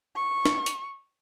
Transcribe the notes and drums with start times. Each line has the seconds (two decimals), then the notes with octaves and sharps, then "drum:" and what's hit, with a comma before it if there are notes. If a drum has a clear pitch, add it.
0.16 C#6
0.46 drum: snare
0.66 drum: hi-hat